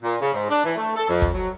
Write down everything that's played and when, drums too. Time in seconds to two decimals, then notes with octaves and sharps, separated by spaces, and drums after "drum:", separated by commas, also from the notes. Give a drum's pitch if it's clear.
0.04 A#2
0.21 C#3
0.33 G#2
0.49 D4
0.65 E3
0.76 A3
0.96 A4
1.09 F2
1.22 drum: kick
1.33 F#3